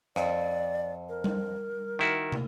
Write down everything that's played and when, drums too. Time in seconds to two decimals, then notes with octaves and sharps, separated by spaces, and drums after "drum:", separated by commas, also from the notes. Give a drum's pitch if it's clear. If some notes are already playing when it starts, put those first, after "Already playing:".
0.16 F2 D5, drum: rim click
1.09 A#4
1.24 drum: tom G3
1.99 D#3 E4 F#4
2.32 drum: tom